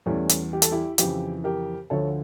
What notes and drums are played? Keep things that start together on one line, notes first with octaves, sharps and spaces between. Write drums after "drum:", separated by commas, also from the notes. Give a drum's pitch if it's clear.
E2 E3 G3 A3 C#4
drum: hi-hat
G4
A4, drum: hi-hat
E4 G4
F2 C#3 E3 E4 G4, drum: hi-hat
G4 A#4
D2 D3 F3 A4 C#5